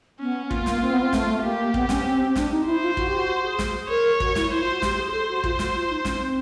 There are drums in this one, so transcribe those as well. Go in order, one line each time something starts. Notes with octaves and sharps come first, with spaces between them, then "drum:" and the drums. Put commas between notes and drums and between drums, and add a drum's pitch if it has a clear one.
B3 C#4
A#3 F4, drum: kick
A#3, drum: snare
C4
B3
C4
A3, drum: snare
A3
A#3 G4
B3, drum: kick
C#4, drum: snare
C4
C4
D4, drum: snare
D#4
E4 C5
F4
F#4, drum: kick
G4
F#4
F#4
G#4
drum: snare
A#4 C#5
F#4, drum: kick
E4, drum: snare
E4 C5
F4
F#4
G4, drum: snare
G#4
A4 C5
F#4
F4, drum: kick
F#4, drum: snare
F4
D#4
C#4, drum: snare
C4